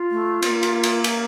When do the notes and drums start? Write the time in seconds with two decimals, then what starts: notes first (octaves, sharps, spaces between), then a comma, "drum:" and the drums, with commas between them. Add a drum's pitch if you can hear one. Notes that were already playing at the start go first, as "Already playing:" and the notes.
Already playing: F4
0.11 A3
0.42 C4, drum: cymbal
0.47 A#3
0.63 drum: cymbal
0.83 drum: cymbal
1.04 drum: cymbal